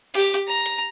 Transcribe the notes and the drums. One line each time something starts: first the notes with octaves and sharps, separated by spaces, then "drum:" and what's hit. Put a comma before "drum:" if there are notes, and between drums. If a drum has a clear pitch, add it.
G4, drum: hi-hat
A#5
drum: hi-hat